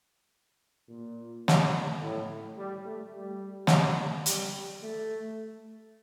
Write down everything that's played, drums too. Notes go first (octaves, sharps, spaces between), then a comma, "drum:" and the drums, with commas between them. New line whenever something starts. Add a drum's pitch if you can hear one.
A#2
drum: snare
A2
G3
A3
G3
drum: snare
G3, drum: hi-hat
A3